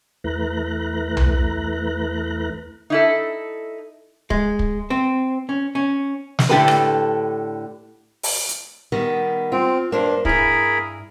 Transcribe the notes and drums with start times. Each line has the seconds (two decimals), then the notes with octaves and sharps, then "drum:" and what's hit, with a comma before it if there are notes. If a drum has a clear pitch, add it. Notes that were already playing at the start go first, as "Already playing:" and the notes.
0.24 E2 A3 E4 B4 A#5 F#6
1.17 drum: tom C2
2.90 D#4 E4 A4
4.30 G#3, drum: kick
4.59 drum: kick
4.90 C4
5.49 C#4
5.75 C#4
6.39 drum: snare
6.49 A2 D3 G4 A4 B4
6.68 drum: rim click
8.23 drum: open hi-hat
8.49 drum: hi-hat
8.92 D#3 G3 B3
9.52 C4 F4
9.92 G2 A#3 D4 C5
10.25 G2 E4 G#4 A#4 B5, drum: kick